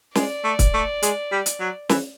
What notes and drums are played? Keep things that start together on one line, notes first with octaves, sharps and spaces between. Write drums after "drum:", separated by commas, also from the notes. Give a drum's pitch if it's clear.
G#3 D5, drum: snare
A3
drum: kick, hi-hat
A3
G#3, drum: hi-hat
G3
drum: hi-hat
F#3
E3, drum: snare